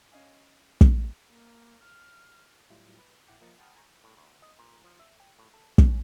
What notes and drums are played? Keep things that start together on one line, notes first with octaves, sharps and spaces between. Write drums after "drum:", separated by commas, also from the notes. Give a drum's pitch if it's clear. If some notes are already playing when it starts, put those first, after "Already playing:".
C#4 D#5 F5 G#5
drum: kick
A#3
F6
A2 F#3 G3 E4 F4
B4
A#1 E4 F#5 G5 D6 C#7
F3 A#3 D#5 A#5 A6 C#7
F#5 G5 A5 B5 D#6 F6
G#5 A#5 C6 C#6 G6
A2
D2
D#5
A#2
F3
E5
G5
A2
A4
C#4, drum: kick